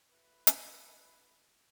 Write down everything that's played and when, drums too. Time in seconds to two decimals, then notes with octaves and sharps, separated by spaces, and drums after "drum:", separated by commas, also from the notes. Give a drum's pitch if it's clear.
0.11 F#3 A3 E4 B4
0.47 drum: hi-hat